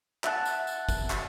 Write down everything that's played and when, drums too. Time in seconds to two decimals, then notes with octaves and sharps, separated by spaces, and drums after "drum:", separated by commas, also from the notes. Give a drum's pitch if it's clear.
0.24 E5 F#5 A5, drum: clap
0.45 drum: tambourine
0.67 drum: tambourine
0.89 drum: kick, tambourine
1.10 drum: clap